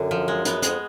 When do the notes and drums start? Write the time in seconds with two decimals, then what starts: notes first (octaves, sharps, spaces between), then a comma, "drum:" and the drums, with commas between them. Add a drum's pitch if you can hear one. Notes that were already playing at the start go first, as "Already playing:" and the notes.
Already playing: F#2 D3
0.11 F3
0.28 G#3
0.45 F#2 B3, drum: hi-hat
0.62 F2 G#3, drum: hi-hat